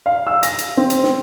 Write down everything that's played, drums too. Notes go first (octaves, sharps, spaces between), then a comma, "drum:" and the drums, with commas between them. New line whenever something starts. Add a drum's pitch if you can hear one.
F5
E6
A#6, drum: hi-hat
drum: hi-hat
C4
drum: hi-hat
C4, drum: snare